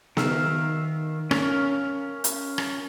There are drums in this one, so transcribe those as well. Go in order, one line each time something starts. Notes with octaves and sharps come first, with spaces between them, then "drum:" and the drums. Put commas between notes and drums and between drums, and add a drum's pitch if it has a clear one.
D#3 E5 F5, drum: snare B3
C#4 A#4 F5 C#6, drum: rim click
drum: hi-hat
drum: rim click